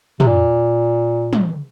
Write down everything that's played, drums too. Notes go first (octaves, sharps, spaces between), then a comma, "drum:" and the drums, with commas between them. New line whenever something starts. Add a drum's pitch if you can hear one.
C3, drum: tom
A#2
drum: tom